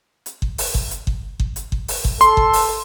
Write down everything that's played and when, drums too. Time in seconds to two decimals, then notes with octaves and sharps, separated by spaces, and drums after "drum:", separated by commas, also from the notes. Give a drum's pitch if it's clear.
0.26 drum: hi-hat
0.42 drum: kick G1
0.58 drum: open hi-hat
0.75 drum: kick G1
0.91 drum: hi-hat
1.07 drum: kick G1
1.40 drum: kick G1
1.56 drum: hi-hat
1.72 drum: kick G1
1.88 drum: open hi-hat
2.05 drum: kick G1
2.21 A4 C6, drum: hi-hat
2.37 drum: kick G1
2.53 drum: open hi-hat